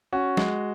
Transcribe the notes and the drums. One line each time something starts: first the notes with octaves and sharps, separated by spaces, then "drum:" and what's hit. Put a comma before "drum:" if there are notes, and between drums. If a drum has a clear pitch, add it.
C#4 F#4
G#3, drum: snare